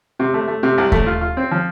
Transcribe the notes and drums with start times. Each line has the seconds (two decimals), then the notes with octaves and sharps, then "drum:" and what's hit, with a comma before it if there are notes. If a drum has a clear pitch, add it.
0.19 C3
0.34 A3
0.48 A3
0.63 C3
0.78 C2
0.92 A3, drum: kick D#2
1.06 F4
1.21 F4
1.37 C4
1.51 F3